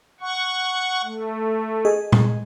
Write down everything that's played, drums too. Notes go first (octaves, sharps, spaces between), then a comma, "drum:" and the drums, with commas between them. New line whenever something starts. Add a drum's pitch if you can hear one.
F#5 C#6
A3
G#4 D#5
drum: tom